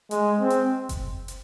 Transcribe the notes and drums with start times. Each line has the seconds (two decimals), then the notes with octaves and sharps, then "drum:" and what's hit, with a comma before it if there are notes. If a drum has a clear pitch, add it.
0.11 G#3, drum: hi-hat
0.40 C4
0.50 drum: hi-hat
0.89 drum: kick F#1, hi-hat
1.28 drum: hi-hat